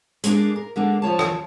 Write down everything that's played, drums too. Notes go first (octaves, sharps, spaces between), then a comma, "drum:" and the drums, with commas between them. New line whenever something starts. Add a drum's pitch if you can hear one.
G#3 A#3 D4 G#4, drum: hi-hat
A#4
D3 G#3 A#3 D4
F3 F4 C#5 A5
drum: rim click